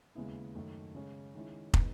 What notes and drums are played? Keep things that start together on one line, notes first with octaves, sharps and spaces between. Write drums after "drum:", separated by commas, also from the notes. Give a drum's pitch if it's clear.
D#2 C#3 G#3 B3 E4
F#2 D#3 A3
C#3 G#3 C#4
D#3 G#3 C#4 E4
G#3 B3 D#4, drum: kick